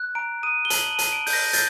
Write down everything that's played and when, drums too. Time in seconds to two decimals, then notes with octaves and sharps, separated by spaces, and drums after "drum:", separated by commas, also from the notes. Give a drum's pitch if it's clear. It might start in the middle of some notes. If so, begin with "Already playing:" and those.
Already playing: F#6
0.15 A#5 D7
0.43 D#6 D#7
0.65 G7
0.70 A5 F#7, drum: hi-hat
0.91 D#7
0.99 A5, drum: hi-hat
1.13 D7
1.27 G6, drum: open hi-hat
1.33 A#6
1.53 G6 A6, drum: hi-hat